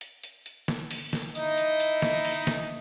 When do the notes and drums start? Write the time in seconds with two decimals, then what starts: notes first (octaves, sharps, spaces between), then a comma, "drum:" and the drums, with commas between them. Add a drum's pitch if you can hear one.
0.01 drum: hi-hat
0.23 drum: hi-hat
0.46 drum: hi-hat
0.68 drum: snare
0.91 drum: open hi-hat
1.13 drum: snare
1.35 D#4 E4 D#5, drum: hi-hat
1.58 drum: hi-hat
1.80 drum: hi-hat
2.02 drum: snare
2.25 drum: open hi-hat
2.47 drum: snare